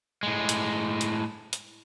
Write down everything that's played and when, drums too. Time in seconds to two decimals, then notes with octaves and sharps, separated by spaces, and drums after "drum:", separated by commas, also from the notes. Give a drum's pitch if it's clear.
0.23 A2 G#3
0.49 drum: hi-hat
1.01 drum: hi-hat
1.53 drum: hi-hat